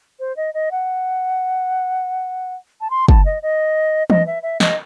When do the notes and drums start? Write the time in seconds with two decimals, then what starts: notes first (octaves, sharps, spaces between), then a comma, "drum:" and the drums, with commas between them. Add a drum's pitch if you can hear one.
0.20 C5
0.36 D#5
0.54 D#5
0.71 F#5
2.81 A5
2.90 C6
3.08 A5, drum: kick
3.25 D#5
3.42 D#5
4.10 D#5, drum: tom E3
4.27 E5
4.43 E5
4.60 D#5, drum: snare